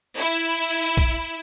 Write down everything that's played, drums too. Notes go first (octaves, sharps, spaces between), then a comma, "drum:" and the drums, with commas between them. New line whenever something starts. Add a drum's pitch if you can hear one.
E4
drum: kick